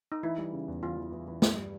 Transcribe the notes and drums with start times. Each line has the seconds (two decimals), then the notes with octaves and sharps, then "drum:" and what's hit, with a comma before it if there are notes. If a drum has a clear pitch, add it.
0.12 D#4
0.23 E3 E4
0.38 G3
0.52 C#3
0.68 E2
0.83 E2 F4
0.97 E3
1.12 E3
1.28 E3
1.42 G2, drum: snare
1.57 G3